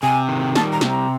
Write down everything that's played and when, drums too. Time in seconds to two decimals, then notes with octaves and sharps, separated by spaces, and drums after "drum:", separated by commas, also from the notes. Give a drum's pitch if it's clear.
0.02 C3 G#5
0.29 D#3
0.55 G3 A5, drum: snare
0.72 A#5
0.81 C3, drum: snare
0.90 A#5